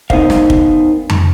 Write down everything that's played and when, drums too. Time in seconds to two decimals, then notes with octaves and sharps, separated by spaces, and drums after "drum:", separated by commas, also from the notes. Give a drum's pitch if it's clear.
0.10 B3 D#4 A#4 C5 F5, drum: kick
0.30 drum: snare
0.50 drum: kick
1.10 drum: tom F2